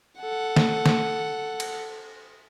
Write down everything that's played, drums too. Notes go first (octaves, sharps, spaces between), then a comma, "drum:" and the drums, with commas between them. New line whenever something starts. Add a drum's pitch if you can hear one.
A4 F#5
drum: snare A3
drum: snare A3
drum: cymbal